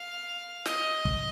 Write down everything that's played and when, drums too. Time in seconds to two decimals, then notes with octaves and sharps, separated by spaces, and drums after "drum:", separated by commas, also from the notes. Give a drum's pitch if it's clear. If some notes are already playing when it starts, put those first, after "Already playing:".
Already playing: F5
0.66 D#5, drum: snare
1.05 drum: kick